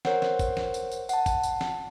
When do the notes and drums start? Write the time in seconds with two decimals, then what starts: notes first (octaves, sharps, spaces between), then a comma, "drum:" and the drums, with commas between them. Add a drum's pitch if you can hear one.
0.05 A#4 C5 C#5 F#5, drum: snare
0.22 drum: snare
0.39 drum: kick, tambourine
0.57 drum: snare
0.74 drum: tambourine
0.91 drum: tambourine
1.09 F#5 A5, drum: tambourine
1.26 drum: kick, tambourine
1.43 drum: tambourine
1.61 drum: snare